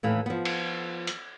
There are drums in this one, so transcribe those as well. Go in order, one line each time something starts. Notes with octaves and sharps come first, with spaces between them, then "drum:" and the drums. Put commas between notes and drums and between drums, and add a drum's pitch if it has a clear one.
D#2 A2 E3 F5
F3 B3
drum: cymbal
drum: hi-hat